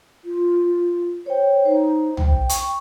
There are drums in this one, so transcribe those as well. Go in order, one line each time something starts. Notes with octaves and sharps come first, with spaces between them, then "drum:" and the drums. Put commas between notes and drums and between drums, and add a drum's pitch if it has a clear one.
F4
C5 C#5 G5
D#4 C5
G5, drum: tom
C#6, drum: hi-hat